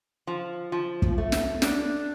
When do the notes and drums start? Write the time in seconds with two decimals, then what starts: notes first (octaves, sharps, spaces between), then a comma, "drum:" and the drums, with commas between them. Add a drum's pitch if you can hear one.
0.27 F3
0.72 F3
1.02 drum: kick
1.18 A3
1.32 drum: snare
1.62 D4, drum: snare